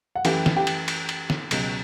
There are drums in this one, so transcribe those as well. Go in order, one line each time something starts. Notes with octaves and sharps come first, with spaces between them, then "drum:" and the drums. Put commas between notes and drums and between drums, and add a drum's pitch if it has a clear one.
F#5
F#2 E3 A3 G4 G5, drum: cymbal
drum: snare
G4 G5
drum: cymbal
drum: cymbal
drum: cymbal
drum: snare
C#2 B2 F#3, drum: cymbal